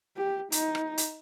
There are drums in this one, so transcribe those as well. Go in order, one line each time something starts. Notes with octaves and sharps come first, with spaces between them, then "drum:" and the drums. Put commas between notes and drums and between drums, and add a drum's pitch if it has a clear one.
G4
D#4, drum: hi-hat
drum: rim click
drum: hi-hat